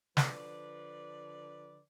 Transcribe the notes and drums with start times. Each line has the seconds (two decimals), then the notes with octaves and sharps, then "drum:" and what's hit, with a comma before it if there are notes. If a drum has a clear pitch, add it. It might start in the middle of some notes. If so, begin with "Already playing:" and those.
0.17 D3 F3 B4 D5, drum: snare